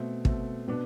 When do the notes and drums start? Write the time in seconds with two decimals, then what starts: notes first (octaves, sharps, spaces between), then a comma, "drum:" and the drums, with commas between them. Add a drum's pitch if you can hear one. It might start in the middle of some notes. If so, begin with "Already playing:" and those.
Already playing: B2 A3 C4
0.25 B2 A3 C4, drum: kick
0.68 B2 B3 D4